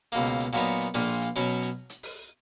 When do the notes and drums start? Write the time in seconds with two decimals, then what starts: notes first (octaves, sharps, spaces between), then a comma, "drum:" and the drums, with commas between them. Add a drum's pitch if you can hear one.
0.12 C#2 B2 A#3, drum: hi-hat
0.26 drum: hi-hat
0.40 drum: hi-hat
0.53 A#2 F#3 B3 D#4, drum: hi-hat
0.81 drum: hi-hat
0.94 A#1 A#2 A#3, drum: open hi-hat
1.21 drum: hi-hat
1.36 B2 F#3 C#4, drum: hi-hat
1.49 drum: hi-hat
1.62 drum: hi-hat
1.90 drum: hi-hat
2.03 drum: open hi-hat